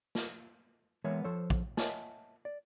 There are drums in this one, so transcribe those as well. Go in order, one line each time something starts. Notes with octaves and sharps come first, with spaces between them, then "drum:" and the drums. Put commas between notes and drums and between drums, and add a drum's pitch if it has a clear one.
drum: snare
E3 G#3 A#3 B3 C#5 E5
F3 A4 C5 C#5
drum: kick
C#5 D#5 E5 F#5 G#5 A5, drum: snare
D5